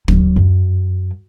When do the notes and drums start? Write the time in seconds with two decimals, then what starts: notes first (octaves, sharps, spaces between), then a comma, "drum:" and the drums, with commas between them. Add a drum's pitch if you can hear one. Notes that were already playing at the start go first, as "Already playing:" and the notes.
0.08 F#3, drum: kick
0.36 F#2